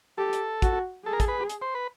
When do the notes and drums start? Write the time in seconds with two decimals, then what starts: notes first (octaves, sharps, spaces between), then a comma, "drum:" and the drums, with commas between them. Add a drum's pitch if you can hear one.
0.18 G4 A4
0.33 drum: hi-hat
0.62 F#4, drum: kick, hi-hat
1.05 G#4 A4
1.13 A#4
1.20 A4, drum: kick, hi-hat
1.28 B4
1.49 drum: hi-hat
1.62 C5
1.75 B4